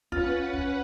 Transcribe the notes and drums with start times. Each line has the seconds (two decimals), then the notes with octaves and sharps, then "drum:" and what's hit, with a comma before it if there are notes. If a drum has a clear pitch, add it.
0.12 C#4 F4 B4 F#5, drum: kick
0.53 drum: kick